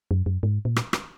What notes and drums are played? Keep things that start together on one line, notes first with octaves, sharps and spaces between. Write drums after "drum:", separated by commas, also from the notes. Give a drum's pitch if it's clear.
F#2
F#2
G#2
A#2
drum: rim click
drum: rim click